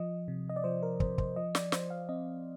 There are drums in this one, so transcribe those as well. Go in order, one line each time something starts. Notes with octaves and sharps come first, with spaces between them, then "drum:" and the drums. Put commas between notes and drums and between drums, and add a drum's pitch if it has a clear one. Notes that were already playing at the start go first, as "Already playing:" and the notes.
Already playing: F3 D#5
C3
D#5
D5
F3 C5
A#4
C3 C5, drum: kick
C5, drum: kick
F3 D#5
D5, drum: snare
F3 C5, drum: snare
F5
C4 D#5